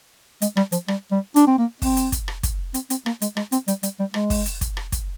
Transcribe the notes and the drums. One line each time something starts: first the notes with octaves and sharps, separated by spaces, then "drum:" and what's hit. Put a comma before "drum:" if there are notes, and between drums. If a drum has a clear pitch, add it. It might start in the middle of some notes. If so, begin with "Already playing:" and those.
G#3, drum: hi-hat
G3, drum: rim click
F3, drum: hi-hat
G3, drum: rim click
G3
D4, drum: hi-hat
C4
A#3
C4, drum: kick, open hi-hat
drum: hi-hat
drum: kick, hi-hat
drum: rim click
drum: kick, hi-hat
C4, drum: hi-hat
C4, drum: hi-hat
A#3, drum: rim click
G#3, drum: hi-hat
G#3, drum: rim click
C4, drum: hi-hat
G3, drum: hi-hat
G3, drum: hi-hat
G3
G#3, drum: rim click
drum: kick, open hi-hat
drum: hi-hat
drum: kick, hi-hat
drum: rim click
drum: kick, hi-hat